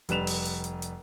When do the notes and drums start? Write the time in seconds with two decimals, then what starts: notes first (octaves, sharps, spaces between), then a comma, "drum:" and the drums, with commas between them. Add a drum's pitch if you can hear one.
0.09 F1 G3 B4 E7 F7, drum: hi-hat
0.27 drum: open hi-hat
0.45 drum: hi-hat
0.64 drum: hi-hat
0.82 drum: hi-hat